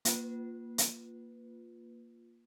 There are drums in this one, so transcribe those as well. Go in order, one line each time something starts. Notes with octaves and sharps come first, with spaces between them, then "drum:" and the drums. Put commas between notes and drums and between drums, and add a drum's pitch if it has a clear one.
A#3 F4 B4, drum: hi-hat
drum: hi-hat